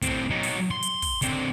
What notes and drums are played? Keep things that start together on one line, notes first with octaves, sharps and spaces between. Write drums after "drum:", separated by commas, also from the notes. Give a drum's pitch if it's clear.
A2 C4, drum: kick, hi-hat
F#3 D#4
drum: open hi-hat
C6
drum: hi-hat
drum: kick, open hi-hat
D3 C4, drum: hi-hat